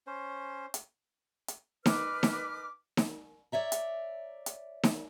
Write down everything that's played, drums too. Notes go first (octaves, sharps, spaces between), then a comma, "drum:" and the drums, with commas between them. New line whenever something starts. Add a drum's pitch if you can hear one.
C#4 C5
drum: hi-hat
drum: hi-hat
D#4 B4 D6 F6, drum: snare D#4
drum: snare D#4
drum: snare D#4
C#5 D5 E5 A#5
drum: hi-hat
drum: hi-hat
drum: snare D#4